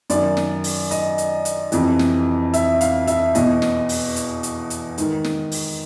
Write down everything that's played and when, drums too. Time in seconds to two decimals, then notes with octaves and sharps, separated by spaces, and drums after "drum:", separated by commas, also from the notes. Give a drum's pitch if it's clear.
0.10 F#2 D#3 D5, drum: hi-hat
0.37 drum: snare
0.64 drum: open hi-hat
0.91 D#5, drum: hi-hat
1.18 drum: hi-hat
1.45 drum: hi-hat
1.72 F2 C3 E3, drum: hi-hat
1.99 drum: snare
2.54 E5, drum: hi-hat
2.81 F5, drum: hi-hat
3.07 E5, drum: hi-hat
3.35 E2 B2 D#5, drum: hi-hat
3.62 drum: snare
3.89 drum: open hi-hat
4.16 drum: hi-hat
4.43 drum: hi-hat
4.70 drum: hi-hat
4.98 G#2 D#3, drum: hi-hat
5.24 drum: snare
5.52 drum: open hi-hat